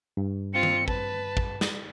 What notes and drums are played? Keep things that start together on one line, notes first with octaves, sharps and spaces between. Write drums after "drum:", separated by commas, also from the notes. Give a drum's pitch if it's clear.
G2
C4 F4 C#7
drum: tom D#3
B4 A5, drum: kick
drum: kick
drum: snare